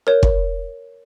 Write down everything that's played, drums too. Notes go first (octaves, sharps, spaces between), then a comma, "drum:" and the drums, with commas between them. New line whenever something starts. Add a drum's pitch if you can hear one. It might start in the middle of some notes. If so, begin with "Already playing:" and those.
A#4 C#5
drum: kick